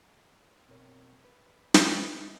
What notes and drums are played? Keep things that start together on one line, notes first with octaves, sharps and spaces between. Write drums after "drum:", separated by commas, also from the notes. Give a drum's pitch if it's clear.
F#2 B2 C4 F#4 A#4 C#5
B4
drum: snare
G#3 D#4 E4 D#5 E5 G#5